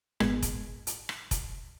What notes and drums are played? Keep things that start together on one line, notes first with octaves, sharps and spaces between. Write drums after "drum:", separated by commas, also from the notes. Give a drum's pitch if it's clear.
G#1 A#2 G#3 B3 G#6, drum: rim click
drum: kick F1, hi-hat
drum: hi-hat
drum: rim click
drum: kick F1, hi-hat